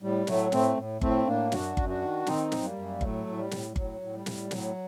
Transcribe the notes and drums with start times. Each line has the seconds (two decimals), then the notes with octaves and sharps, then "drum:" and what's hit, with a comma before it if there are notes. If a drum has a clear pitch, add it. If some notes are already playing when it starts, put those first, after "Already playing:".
0.02 A2 G3
0.27 A2 F#3 A3, drum: snare
0.52 A2 A3 C4, drum: snare
0.77 A2
1.01 A2 A3 C4, drum: kick G1
1.27 A2 A#3 D4
1.52 F#2 D4 F#4, drum: snare
1.77 F#2, drum: kick G1
1.89 D4 F#4
2.02 D#3
2.26 D#3 C4 D#4, drum: snare
2.52 F#2, drum: snare
2.64 G3 A#3
2.76 F#2
3.01 A2 F#3 A3, drum: kick G1
3.27 A2
3.38 G3
3.51 A2, drum: snare
3.71 G3
3.76 A2 F#3, drum: kick G1
4.01 A2
4.14 G3
4.26 A2, drum: snare
4.51 A2 F#3, drum: snare